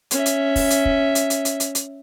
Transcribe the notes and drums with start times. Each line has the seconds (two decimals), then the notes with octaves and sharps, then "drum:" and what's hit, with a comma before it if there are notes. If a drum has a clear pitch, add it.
0.11 C#4 E5, drum: hi-hat
0.26 drum: hi-hat
0.56 drum: kick, open hi-hat
0.71 drum: hi-hat
0.85 drum: kick
1.15 drum: hi-hat
1.30 drum: hi-hat
1.45 drum: hi-hat
1.60 drum: hi-hat
1.75 drum: hi-hat